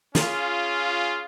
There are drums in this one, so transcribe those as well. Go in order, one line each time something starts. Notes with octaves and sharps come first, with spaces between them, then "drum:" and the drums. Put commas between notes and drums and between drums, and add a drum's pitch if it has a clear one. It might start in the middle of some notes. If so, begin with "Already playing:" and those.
C#4 F4 G#4, drum: snare